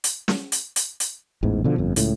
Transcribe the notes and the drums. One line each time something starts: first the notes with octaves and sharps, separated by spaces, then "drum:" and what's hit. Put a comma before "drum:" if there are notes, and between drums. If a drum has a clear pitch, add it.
drum: hi-hat
drum: snare
drum: hi-hat
drum: hi-hat
drum: hi-hat
A1 E2 G#2
B2 D3 F3
G1 F2
C#2 A2, drum: hi-hat